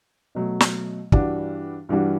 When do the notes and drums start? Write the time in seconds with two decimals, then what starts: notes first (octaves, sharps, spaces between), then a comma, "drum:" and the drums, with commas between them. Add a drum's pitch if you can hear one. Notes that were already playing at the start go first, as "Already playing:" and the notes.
0.35 B2 F#3 A3
0.60 drum: snare
1.12 G2 E3 G3 D4 F#4, drum: kick
1.89 G2 E3 G3 D4 F#4